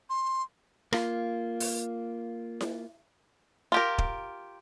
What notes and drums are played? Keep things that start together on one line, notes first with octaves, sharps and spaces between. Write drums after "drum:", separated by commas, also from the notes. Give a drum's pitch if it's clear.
C6
A#3 F4, drum: rim click
drum: open hi-hat
drum: snare E4
F4 G4 A#4
drum: kick D#1